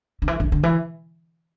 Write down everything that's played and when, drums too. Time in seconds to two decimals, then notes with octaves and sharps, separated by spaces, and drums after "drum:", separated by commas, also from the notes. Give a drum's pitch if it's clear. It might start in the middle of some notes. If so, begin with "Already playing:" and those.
0.22 D3
0.28 E3
0.40 D3, drum: kick
0.52 D3
0.63 E3